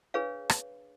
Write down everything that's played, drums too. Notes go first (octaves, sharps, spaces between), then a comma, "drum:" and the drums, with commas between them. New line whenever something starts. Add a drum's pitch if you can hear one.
D4 G#4 B4 C#5 F5
drum: rim click